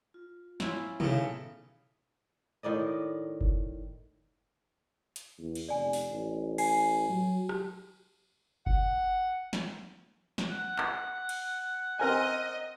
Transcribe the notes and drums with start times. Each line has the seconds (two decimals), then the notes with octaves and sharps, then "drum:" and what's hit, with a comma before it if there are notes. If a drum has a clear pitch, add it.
0.14 F4
0.60 B3 C#4 E4 F4 G#5, drum: snare
1.00 A2 C#3 E3 D#4, drum: tom
2.63 A2 D#3 D5 D#5
3.41 drum: kick F#1
5.16 drum: hi-hat
5.39 E2
5.55 drum: cymbal
5.69 F1 D5 G#5
5.93 drum: open hi-hat
6.09 A1
6.58 G#5 C7, drum: cymbal
7.10 F#3
7.49 drum: rim click
8.66 F#5, drum: kick F#1
9.53 drum: snare
10.38 drum: snare
10.51 F#5
10.78 drum: clap
11.29 drum: cymbal
11.99 C4 A#4 D#5 G#5